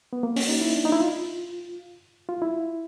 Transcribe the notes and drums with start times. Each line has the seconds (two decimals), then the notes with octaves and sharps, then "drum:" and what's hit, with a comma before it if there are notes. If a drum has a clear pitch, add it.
0.13 B3
0.23 A#3
0.36 C#4, drum: open hi-hat
0.49 D#4
0.61 E4
0.77 D4
0.85 D#4
0.92 E4
1.01 F4
2.29 F4
2.42 E4